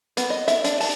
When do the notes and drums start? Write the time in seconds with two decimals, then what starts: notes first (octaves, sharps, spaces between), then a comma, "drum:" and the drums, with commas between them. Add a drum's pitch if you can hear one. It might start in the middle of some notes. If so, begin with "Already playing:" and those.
0.17 B3, drum: hi-hat
0.30 D#5
0.48 E5, drum: hi-hat
0.64 D4, drum: hi-hat
0.80 A5, drum: open hi-hat